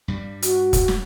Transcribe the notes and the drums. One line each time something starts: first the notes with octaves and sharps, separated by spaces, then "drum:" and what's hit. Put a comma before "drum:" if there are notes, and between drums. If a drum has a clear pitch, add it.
G2 G3
F#4, drum: hi-hat
drum: kick, hi-hat
drum: snare